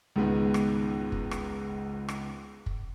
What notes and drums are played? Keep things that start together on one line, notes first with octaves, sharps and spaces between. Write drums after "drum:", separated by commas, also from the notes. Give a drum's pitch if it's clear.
C#2 G#2 D#3 G#3 B3
drum: rim click
drum: kick
drum: rim click
drum: rim click
drum: kick